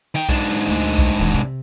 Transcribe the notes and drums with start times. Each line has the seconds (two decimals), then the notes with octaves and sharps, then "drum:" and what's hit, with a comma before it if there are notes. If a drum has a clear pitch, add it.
0.15 D#3 G5
0.29 G#2 D4, drum: kick B1
0.68 D2
0.98 drum: kick B1
1.19 D#1 D#2
1.34 C3